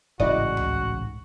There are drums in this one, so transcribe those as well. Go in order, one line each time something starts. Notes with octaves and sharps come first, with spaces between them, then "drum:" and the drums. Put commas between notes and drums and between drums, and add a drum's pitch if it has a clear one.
A1 G#2 C#3 E4 F#4 D5 D#5, drum: kick
drum: tom C#2